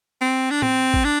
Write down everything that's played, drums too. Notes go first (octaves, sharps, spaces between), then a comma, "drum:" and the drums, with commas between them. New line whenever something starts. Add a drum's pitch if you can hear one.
C4
D4
C4, drum: tom
drum: kick G#1
D4